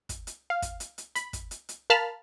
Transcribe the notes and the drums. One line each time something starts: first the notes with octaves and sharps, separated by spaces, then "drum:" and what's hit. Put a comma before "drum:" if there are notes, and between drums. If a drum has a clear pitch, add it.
drum: kick, hi-hat
drum: hi-hat
F5
drum: kick, hi-hat
drum: hi-hat
drum: hi-hat
B5, drum: hi-hat
drum: kick, hi-hat
drum: hi-hat
drum: hi-hat
A#4 F5 A5 B5 F6